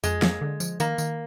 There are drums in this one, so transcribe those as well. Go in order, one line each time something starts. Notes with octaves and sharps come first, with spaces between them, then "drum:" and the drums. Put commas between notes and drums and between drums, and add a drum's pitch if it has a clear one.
F2 G#3, drum: tambourine
A#3, drum: snare
D3
F3, drum: tambourine
D#3 A#3, drum: tambourine
D#3, drum: tambourine